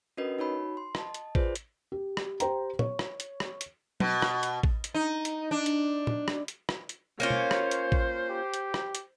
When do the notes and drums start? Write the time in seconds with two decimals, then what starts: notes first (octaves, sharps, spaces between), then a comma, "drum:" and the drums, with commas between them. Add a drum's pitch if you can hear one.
0.17 C#4 D4 F#4 A#4 B4 D#5
0.39 D#4 F#4 C#5 B5
0.77 C6
0.95 D#5 A5, drum: rim click
1.14 drum: hi-hat
1.35 F4 G#4 B4 C5 D5, drum: kick A1
1.56 drum: hi-hat
1.92 G4
2.17 drum: rim click
2.40 G4 C5 G5 A#5, drum: hi-hat
2.79 C#5, drum: tom
2.99 drum: rim click
3.20 drum: hi-hat
3.40 drum: rim click
3.61 drum: hi-hat
4.00 B2, drum: tom
4.22 drum: rim click
4.43 drum: hi-hat
4.63 drum: kick A1
4.84 drum: hi-hat
4.94 D#4
5.25 drum: hi-hat
5.51 D4
5.66 drum: hi-hat
6.07 drum: tom
6.28 drum: rim click
6.48 drum: hi-hat
6.69 drum: rim click
6.89 drum: hi-hat
7.20 A#3 C#4 F4 C5 C#5
7.30 drum: tom B2
7.51 drum: rim click
7.71 drum: hi-hat
7.92 drum: kick A1
8.30 G4
8.54 drum: hi-hat
8.74 drum: rim click
8.95 drum: hi-hat